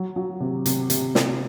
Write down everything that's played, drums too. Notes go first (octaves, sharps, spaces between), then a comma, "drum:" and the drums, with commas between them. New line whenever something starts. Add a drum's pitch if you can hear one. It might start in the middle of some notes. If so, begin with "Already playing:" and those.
Already playing: F#3
F#3
C3
C3, drum: hi-hat
C3, drum: hi-hat
C3, drum: snare